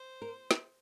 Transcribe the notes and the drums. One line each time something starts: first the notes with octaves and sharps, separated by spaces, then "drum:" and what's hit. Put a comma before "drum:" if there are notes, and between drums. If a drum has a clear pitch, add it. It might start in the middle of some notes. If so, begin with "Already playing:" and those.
Already playing: C5
A#4
drum: snare